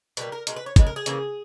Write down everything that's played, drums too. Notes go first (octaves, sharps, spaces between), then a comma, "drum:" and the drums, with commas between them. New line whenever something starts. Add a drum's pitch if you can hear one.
B2 G3 A#3 B4, drum: hi-hat
A#4
B2 G#3 A#4, drum: hi-hat
B4
C#5
C#3 G#3 B4, drum: kick, hi-hat
A#4
G#4
C#3 E3 A#3, drum: hi-hat